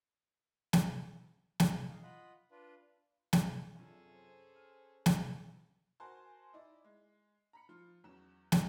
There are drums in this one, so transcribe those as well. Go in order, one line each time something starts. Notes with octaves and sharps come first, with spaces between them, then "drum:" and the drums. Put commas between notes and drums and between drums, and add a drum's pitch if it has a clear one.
drum: snare
drum: snare
D#4 F5
F4 D#5 F#5 B5
D4 F4 B4
drum: snare
F#2 C3 C#4 D4 F4 G#4 A4
C5
F6
drum: snare
F#4 A#4 C5 G#5 A5 C6
D#4 E4 D5
G#3
A#5 B5 C#7
F3 F4
E2 F#3 C#4 E7
drum: snare